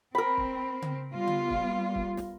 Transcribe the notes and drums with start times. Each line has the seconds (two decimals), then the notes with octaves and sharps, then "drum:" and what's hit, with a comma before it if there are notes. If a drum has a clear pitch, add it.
0.15 C4 A#4 B5
0.37 drum: kick
0.82 drum: tom C#3
1.13 G3 B3 F4
1.27 drum: tom C#3
1.50 drum: kick
1.95 drum: kick
2.17 drum: snare